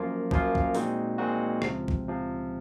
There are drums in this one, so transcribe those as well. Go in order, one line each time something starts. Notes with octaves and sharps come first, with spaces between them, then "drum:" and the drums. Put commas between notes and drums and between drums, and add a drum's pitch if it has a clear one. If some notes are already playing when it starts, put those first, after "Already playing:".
Already playing: F#2 F3 A#3 F4
F#2 F3 A#3 F4, drum: kick
drum: kick
A#2 G#3 C4 D#4 F#4, drum: open hi-hat
A#2 G#3 C4 D#4 F#4
C#2 C3 F3, drum: rim click
drum: kick
C3 F3